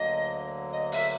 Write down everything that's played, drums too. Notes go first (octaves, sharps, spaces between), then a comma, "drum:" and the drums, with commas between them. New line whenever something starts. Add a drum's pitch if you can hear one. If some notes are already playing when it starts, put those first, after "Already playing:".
Already playing: D2 D3 F#3 A#3 D#5
D#5
E5, drum: open hi-hat